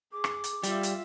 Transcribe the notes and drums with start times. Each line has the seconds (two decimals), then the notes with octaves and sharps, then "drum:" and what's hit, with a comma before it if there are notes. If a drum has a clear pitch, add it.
0.13 G#4 D6
0.24 drum: rim click
0.44 drum: hi-hat
0.63 G3 F4 E5, drum: hi-hat
0.83 drum: hi-hat